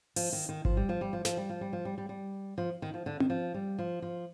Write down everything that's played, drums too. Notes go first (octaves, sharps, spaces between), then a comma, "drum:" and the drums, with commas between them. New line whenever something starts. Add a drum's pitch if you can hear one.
F3, drum: open hi-hat
D#3
D#3
F3, drum: kick G#1
G3
F3
G3
F3
F3, drum: snare
G3
F3
G3
F3
G3
G3
G3
F3
D#3
F3
D3
D#3, drum: tom C4
F3
G3
F3
F3